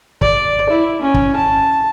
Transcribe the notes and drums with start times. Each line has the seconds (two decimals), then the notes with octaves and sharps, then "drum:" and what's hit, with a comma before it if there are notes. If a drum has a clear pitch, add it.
0.21 D5, drum: kick
0.69 E4
1.02 C#4
1.14 drum: kick
1.36 A5